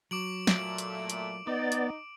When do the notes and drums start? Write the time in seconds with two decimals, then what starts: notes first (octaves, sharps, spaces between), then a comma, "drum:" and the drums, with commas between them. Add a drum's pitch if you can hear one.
0.11 F#3 D6 D7 F#7
0.47 A#2 A3 D7, drum: snare
0.78 drum: hi-hat
1.10 drum: hi-hat
1.47 B3 D#4 D5
1.72 drum: hi-hat